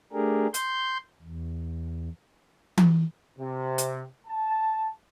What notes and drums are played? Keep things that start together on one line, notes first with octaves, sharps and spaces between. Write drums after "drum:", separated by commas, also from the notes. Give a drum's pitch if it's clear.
A3 D4 G4 G#4 A#4
C6 G6, drum: hi-hat
E2
drum: tom E3
C3
drum: hi-hat
A5